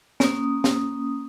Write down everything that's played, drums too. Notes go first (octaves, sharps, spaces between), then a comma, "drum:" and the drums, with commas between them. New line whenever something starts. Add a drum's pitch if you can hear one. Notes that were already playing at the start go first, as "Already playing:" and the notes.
A#3 C#4 D#6, drum: snare
drum: snare